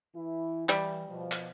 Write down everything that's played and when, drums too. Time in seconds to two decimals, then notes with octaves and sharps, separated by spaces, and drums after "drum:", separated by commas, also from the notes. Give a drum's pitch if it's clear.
0.15 E3 E4
0.69 E3 G3, drum: clap
1.09 B2 F3
1.32 drum: clap